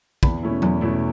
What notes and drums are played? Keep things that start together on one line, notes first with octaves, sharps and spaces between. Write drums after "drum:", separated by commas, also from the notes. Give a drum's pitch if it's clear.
E2 B5, drum: kick
B2 A3 C#4 E4
E2, drum: tom F#3
B2 A3 C#4 E4